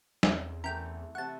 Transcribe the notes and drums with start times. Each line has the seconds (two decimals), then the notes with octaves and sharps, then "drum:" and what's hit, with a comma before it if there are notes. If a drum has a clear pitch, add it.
0.23 E2 C4 A4 E5, drum: snare
0.64 E3 A3 C#4 A#4 G5
1.15 C3 F#5 A5 C#6